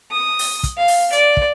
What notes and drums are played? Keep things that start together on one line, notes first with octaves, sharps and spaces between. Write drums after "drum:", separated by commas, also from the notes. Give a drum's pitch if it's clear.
D#6
drum: open hi-hat
drum: kick, hi-hat
F5
drum: open hi-hat
D5, drum: hi-hat
drum: kick